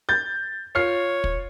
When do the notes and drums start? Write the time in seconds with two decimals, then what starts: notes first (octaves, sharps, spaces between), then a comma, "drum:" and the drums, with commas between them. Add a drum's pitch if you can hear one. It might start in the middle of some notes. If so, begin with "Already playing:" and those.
0.09 G6 A6
0.75 F4 C#5 F6 C7
1.24 drum: kick